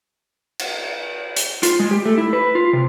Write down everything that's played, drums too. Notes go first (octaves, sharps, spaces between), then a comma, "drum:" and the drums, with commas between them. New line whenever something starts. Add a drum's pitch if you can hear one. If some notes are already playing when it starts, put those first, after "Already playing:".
drum: cymbal
drum: hi-hat
F4, drum: hi-hat
G#3
G4
A3
E4
B4
F4
C3